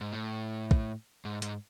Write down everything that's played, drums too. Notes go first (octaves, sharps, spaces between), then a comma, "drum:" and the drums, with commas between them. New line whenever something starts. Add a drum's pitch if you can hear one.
G#2
A2
drum: kick
G#2
G#2, drum: hi-hat